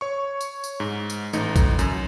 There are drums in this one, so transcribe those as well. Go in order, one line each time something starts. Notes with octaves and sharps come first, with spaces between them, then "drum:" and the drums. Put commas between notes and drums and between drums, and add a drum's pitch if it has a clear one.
C#5 C#6
drum: tambourine
drum: tambourine
G#2
drum: tambourine
A1 A3 D#4, drum: tambourine
drum: kick A1, tambourine
F#2, drum: tambourine